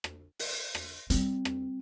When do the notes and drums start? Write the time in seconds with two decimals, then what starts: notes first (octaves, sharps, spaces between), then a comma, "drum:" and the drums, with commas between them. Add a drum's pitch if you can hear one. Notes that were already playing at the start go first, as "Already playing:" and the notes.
0.04 drum: rim click
0.39 drum: open hi-hat
0.75 drum: rim click
1.10 G3 C4, drum: hi-hat
1.45 drum: rim click